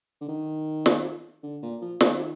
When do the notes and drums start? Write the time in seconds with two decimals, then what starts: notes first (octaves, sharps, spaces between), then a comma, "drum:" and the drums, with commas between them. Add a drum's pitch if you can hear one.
0.21 D3
0.28 D#3
0.86 drum: snare
1.43 D3
1.62 A#2
1.81 F3
2.01 D#3, drum: snare